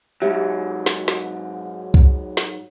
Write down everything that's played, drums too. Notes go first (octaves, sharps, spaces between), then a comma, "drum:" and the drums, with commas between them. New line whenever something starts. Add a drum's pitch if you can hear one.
G#2 F#3 G4 E5
drum: snare
drum: snare
drum: kick C2
drum: snare